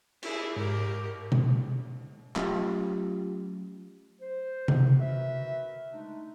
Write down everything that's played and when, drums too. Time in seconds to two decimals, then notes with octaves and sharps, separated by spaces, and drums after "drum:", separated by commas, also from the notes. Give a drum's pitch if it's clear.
0.23 E4 G#4, drum: cymbal
0.56 G#2 G4 A#4
1.32 drum: tom B2
2.36 F#3 A3 C#4 F4 G4, drum: clap
4.21 C5
4.68 drum: tom C3
5.01 F#4 A#4 B4 E5
5.92 G#3 A3 D4 D#4